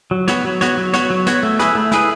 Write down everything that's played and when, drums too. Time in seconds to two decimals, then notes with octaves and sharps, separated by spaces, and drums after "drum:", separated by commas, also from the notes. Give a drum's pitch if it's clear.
0.11 F#3
0.28 B3 F#4 C#5, drum: snare
0.45 F#3
0.61 B3 F#4 C#5, drum: snare
0.77 F#3
0.94 B3 F#4 C#5, drum: snare
1.10 F#3
1.27 B3 F#4 C#5, drum: snare
1.43 A3
1.59 E4 G#4 B4, drum: snare
1.75 A3
1.92 E4 G#4 B4, drum: snare